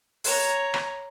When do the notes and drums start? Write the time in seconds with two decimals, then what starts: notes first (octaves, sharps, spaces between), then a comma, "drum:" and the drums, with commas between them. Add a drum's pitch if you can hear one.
0.24 C#5 A#5, drum: open hi-hat
0.74 drum: rim click